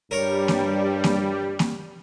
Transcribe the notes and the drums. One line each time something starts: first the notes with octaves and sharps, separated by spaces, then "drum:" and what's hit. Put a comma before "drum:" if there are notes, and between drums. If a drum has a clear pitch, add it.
G2 G3 A#4 C#5
drum: snare A#3
drum: snare A#3
drum: snare A#3